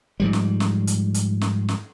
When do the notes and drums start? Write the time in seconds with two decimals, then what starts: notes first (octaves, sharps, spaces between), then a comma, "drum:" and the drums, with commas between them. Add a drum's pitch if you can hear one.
0.20 G#2 F3 G3
0.33 drum: snare
0.60 drum: snare
0.87 drum: hi-hat
1.14 drum: hi-hat
1.41 drum: snare
1.69 drum: snare